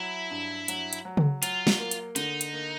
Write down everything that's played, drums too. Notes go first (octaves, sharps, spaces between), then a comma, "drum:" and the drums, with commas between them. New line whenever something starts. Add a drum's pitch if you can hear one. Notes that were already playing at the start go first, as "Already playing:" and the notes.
Already playing: F#3 E4
G2
F#3, drum: hi-hat
drum: hi-hat
F#3
drum: tom C#3
F#3 F4, drum: hi-hat
drum: snare
A#3
drum: hi-hat
D3 D#4, drum: hi-hat
drum: hi-hat
A#3